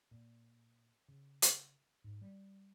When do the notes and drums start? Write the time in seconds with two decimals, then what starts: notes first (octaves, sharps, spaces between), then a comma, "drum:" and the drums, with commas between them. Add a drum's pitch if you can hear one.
0.11 A#2
1.08 C#3
1.42 drum: hi-hat
2.04 G#2
2.22 G3